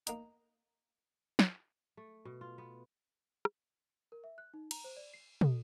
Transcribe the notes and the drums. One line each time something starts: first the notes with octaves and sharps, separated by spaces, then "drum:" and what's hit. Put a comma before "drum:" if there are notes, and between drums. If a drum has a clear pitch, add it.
A#3 D#4, drum: hi-hat
drum: snare
A3
B2
F4
B3
drum: rim click
A#4
E5
F#6
D#4
A#5, drum: cymbal
C5
D5
C7
A4, drum: tom